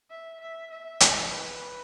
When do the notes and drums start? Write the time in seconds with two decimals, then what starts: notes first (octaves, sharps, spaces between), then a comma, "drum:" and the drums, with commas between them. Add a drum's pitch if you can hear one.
0.10 E5
0.40 E5
0.70 E5
1.00 D#5, drum: hi-hat
1.30 B4